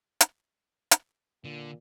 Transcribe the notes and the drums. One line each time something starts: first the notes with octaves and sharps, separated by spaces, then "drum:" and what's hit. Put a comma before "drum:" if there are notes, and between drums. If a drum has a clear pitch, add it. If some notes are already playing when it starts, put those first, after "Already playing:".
drum: hi-hat
drum: hi-hat
A#2 D3